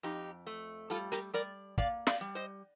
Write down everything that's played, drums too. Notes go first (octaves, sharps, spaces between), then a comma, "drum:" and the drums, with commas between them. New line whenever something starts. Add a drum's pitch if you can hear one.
F2 D#4 G4
A3
G3 F4 A4
G4 A#4, drum: hi-hat
G3 A#4 D5
A#3 D5 F5, drum: kick
D5 F5, drum: snare
G3
C5 D#5